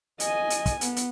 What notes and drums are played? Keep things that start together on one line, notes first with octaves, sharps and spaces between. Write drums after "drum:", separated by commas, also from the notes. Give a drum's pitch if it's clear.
D#5 G#5, drum: hi-hat
drum: hi-hat
drum: kick, hi-hat
B3, drum: hi-hat
drum: hi-hat